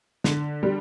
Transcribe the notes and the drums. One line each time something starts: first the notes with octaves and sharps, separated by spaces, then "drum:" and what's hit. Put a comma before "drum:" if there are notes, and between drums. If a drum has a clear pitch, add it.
D3, drum: snare
G3